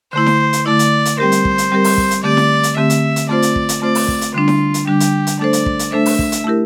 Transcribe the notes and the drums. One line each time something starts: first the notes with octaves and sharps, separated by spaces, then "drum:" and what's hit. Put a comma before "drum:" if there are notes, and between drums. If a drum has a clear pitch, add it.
D3 A3 E4 C5
drum: snare E4
drum: hi-hat
D3 A3 E4 D5
drum: hi-hat
drum: hi-hat
G3 C4 G4 A#4 C5
drum: hi-hat
drum: kick
drum: hi-hat
G3 C4 G4 A#4
drum: open hi-hat
drum: kick
drum: hi-hat
D3 A3 C4 G4 D5
drum: snare E4
drum: hi-hat
D3 A3 C4 G4 E5
drum: hi-hat
drum: hi-hat
A3 C4 F4 C5 D5
drum: hi-hat
drum: kick
drum: hi-hat
A3 C4 F4 C5 D5
drum: open hi-hat
drum: kick
drum: hi-hat
D3 G3 D4 F4
drum: snare E4
drum: hi-hat
D3 G3 D4 G4
drum: hi-hat
drum: hi-hat
A3 D4 A4 C5 D5
drum: hi-hat
drum: kick
drum: hi-hat
A3 D4 A4 C5 E5
drum: open hi-hat
drum: kick
drum: hi-hat
A3 E4 G4 A#4